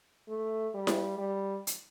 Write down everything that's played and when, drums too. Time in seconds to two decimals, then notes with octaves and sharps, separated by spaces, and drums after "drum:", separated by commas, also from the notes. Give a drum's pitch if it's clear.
0.29 A3
0.74 G3
0.87 drum: snare E4
1.18 G3
1.67 drum: hi-hat